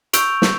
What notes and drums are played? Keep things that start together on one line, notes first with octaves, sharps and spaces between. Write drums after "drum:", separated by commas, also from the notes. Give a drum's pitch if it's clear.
C#6 E6 G6 D7 F7, drum: hi-hat
drum: snare